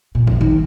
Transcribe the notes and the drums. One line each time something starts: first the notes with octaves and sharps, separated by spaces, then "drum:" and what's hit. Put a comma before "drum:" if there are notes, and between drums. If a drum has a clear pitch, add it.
A#2
F3, drum: kick
D#3